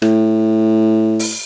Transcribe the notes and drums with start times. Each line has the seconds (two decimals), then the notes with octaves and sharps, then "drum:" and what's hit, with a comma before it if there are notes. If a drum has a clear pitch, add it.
0.02 A2, drum: rim click
1.19 drum: open hi-hat